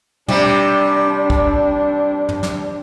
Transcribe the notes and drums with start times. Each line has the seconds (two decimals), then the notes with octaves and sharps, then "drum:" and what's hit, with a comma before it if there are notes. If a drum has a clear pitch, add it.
0.28 C3 G3 D4, drum: tom
1.30 drum: kick
2.29 drum: tom
2.43 drum: snare